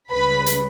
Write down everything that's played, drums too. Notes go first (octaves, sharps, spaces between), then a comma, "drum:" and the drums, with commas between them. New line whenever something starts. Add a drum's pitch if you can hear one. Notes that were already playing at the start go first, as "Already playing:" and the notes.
C#2 C#3 G3 B4 B5
drum: hi-hat